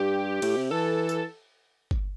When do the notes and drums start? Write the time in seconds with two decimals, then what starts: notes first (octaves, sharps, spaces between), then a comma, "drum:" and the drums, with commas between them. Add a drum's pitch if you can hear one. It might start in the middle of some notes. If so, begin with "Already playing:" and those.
Already playing: G2 G4
0.42 A2, drum: cymbal
0.56 C3
0.71 E3 A4
1.09 drum: tambourine
1.91 drum: kick G1